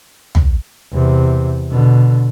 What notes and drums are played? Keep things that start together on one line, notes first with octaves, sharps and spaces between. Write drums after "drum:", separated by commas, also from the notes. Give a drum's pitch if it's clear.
drum: tom
E2 C3
B2 D3